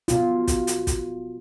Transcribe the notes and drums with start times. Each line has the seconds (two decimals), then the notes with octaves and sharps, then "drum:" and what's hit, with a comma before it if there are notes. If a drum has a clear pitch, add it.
0.08 B2 F4, drum: hi-hat
0.48 drum: kick, hi-hat
0.67 drum: hi-hat
0.87 drum: kick, hi-hat